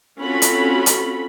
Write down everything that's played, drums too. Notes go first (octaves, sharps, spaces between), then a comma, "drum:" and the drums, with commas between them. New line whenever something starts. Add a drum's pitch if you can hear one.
C4 C#4 F4 F#4 A4 B5
drum: hi-hat
drum: hi-hat